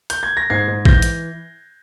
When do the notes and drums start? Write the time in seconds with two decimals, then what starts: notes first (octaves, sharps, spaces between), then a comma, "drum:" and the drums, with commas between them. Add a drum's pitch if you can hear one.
0.10 G6, drum: hi-hat
0.23 G#6
0.37 A#6
0.50 G#2 G#6 C7
0.68 G#2
0.85 E3 G6 A#6, drum: kick A#1
1.02 drum: hi-hat